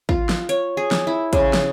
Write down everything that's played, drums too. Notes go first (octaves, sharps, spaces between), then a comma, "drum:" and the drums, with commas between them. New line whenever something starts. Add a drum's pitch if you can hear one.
F4, drum: kick
drum: snare
C#5, drum: hi-hat
G#4
drum: snare
E4
C#3, drum: kick, hi-hat
drum: snare